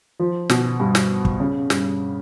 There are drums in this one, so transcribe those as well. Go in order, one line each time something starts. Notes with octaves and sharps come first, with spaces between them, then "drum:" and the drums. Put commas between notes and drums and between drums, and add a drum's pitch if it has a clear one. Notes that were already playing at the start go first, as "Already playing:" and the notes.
F3
B2, drum: snare
G2
drum: snare
drum: kick
C#3
G2, drum: snare